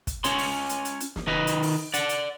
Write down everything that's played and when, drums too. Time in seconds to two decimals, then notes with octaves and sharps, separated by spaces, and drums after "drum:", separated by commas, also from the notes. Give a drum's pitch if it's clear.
0.07 drum: kick, hi-hat
0.24 C#4 F4 C#5 C6, drum: hi-hat
0.38 drum: open hi-hat
0.69 drum: hi-hat
0.85 drum: hi-hat
1.00 drum: hi-hat
1.16 drum: snare
1.27 D#3 D#4 B4 D#5
1.47 drum: hi-hat
1.63 drum: open hi-hat
1.94 D5 F#5, drum: hi-hat
2.09 drum: hi-hat